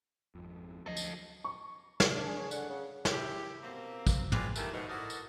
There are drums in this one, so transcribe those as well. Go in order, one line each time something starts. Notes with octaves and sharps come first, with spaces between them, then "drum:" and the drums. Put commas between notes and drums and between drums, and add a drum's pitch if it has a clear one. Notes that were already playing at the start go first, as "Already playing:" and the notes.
G#1 F2
D2 F3 F#3 A4 D#5
drum: tambourine
C#6
drum: snare
D4
G#4
C#5
D3 F#5, drum: tambourine
C#3
E4 G4, drum: snare
B2 A#3 C4
drum: kick, tambourine
G#3 C4 F4 B4 D5, drum: tom
D#3 E3 G3 A3 A#3, drum: tambourine
G#2 B2
E4 F#4 A4 A#4 D5 D#5
drum: tambourine